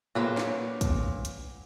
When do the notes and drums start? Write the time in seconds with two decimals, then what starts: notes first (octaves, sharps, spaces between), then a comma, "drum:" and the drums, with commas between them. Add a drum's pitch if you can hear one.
0.15 A#2 F#3 A#3 B4 C5
0.37 drum: snare
0.81 drum: kick, hi-hat
1.25 drum: hi-hat